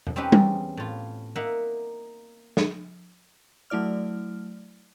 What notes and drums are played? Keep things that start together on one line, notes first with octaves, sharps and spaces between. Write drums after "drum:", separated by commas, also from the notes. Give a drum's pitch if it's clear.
drum: tom E2
C4 C#4 D#4 G4 B4
E2, drum: tom G3
A2 F4
A#3 D#4 E5 F#5
drum: snare
F#3 A3 E4 D5 F6